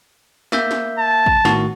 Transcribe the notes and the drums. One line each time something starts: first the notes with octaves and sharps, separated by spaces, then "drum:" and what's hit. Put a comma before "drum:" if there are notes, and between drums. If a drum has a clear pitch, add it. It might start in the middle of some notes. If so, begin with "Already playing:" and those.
A#3 E5 G6, drum: snare
drum: snare
A5
drum: kick A1
A2 D#3 F#4, drum: snare